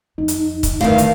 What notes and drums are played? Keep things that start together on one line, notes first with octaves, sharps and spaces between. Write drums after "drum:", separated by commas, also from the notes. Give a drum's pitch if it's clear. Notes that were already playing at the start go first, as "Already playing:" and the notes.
F2 D#4
drum: hi-hat
drum: kick, hi-hat
D2 G2 C3 D#3 F5
drum: hi-hat